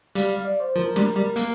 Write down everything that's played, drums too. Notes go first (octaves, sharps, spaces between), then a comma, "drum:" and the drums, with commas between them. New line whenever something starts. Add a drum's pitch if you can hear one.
G3 F5, drum: hi-hat
F5
D5
C5
F3 A#4
G3, drum: snare
G3
A#3, drum: hi-hat